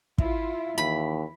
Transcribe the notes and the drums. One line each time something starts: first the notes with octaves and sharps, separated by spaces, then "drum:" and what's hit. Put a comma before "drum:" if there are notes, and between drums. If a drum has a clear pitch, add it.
E4 F4 E5, drum: kick
D#2 E3 B5